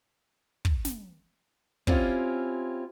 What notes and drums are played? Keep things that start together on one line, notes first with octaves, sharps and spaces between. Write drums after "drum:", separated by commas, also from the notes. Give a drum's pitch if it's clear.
drum: kick
drum: snare
C4 C#4 E4 F4 G4, drum: kick